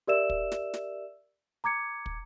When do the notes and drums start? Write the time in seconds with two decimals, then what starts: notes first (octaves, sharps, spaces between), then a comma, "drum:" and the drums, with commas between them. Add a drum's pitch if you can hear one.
0.08 G4 A#4 D5 E5 E6 E7
0.30 drum: kick
0.52 drum: snare
0.74 drum: snare
1.64 A#5 D6 G#6 C#7
2.06 drum: kick